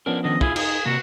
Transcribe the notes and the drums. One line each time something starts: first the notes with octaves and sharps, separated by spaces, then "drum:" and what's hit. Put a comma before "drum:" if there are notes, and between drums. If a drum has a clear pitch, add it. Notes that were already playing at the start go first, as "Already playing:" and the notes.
F3 B3 C#4 D4 A#4
D#3 D4 D#5
E4 F4 G#4, drum: kick
D#4 G#4 F5, drum: cymbal
C3 A#3 F#4